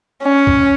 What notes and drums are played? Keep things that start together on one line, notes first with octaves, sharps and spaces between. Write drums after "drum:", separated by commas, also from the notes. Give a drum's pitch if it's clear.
C#4
drum: kick